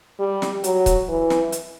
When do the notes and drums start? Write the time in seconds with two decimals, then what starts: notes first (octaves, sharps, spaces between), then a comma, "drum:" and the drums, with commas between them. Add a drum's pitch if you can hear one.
0.19 G3
0.42 drum: snare
0.64 F#3, drum: hi-hat
0.86 drum: kick C#1, hi-hat
1.09 E3
1.30 drum: snare
1.52 drum: hi-hat